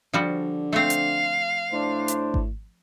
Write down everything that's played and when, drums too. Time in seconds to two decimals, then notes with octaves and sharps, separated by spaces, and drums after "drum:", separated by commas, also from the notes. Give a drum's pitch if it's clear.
0.14 D3 F3 G3 F#4
0.73 A3 C4 F5
0.90 drum: hi-hat
1.72 A2 D4 C5
2.08 drum: hi-hat
2.34 drum: kick G#1